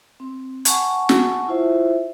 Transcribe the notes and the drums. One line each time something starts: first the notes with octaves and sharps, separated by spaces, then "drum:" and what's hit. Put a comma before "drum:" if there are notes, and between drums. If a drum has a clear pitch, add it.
C4
F#5 G#5 A5 C#6, drum: hi-hat
drum: snare
E4 F4 C5 E5